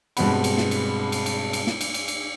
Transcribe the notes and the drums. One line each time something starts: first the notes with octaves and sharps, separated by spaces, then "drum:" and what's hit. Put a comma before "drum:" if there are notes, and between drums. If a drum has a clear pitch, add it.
G2 B2 G#3 C4 F#5 B5, drum: cymbal
drum: cymbal
drum: snare
drum: cymbal
drum: cymbal
drum: cymbal
drum: cymbal
drum: snare
drum: cymbal
drum: cymbal
drum: cymbal